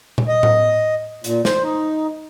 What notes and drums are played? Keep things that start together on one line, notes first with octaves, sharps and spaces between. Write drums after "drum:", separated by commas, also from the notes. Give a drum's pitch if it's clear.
drum: tom A#2
D#5
drum: tom A2
A#2, drum: hi-hat
C5, drum: snare
D#4